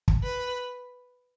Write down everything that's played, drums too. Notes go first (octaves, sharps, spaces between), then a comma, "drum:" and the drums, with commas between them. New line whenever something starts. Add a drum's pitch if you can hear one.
drum: kick
B4